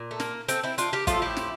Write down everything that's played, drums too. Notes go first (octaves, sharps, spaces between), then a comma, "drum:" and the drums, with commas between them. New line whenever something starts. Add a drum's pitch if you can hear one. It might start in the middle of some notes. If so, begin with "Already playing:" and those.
Already playing: A#2
A3
A#3, drum: snare
A3 C4, drum: hi-hat
C4 E4
D4 F4, drum: hi-hat
G4 A#4
A2 F3 A3 F4 A4, drum: kick, hi-hat
E4 G4
drum: snare